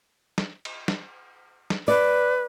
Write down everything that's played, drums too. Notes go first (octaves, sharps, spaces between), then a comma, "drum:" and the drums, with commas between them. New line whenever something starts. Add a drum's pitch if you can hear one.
drum: snare
drum: cymbal
drum: snare
drum: snare
B4 D5